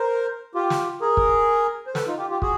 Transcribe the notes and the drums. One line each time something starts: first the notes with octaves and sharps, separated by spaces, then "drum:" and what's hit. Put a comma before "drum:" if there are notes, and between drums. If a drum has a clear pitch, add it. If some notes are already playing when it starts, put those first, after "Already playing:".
Already playing: A#4 C5
F4 G4
drum: snare
G#4 A#4
drum: kick
C5
A4 B4, drum: snare
D#4 F4
F4 G4
F4 G4
F#4 G#4, drum: kick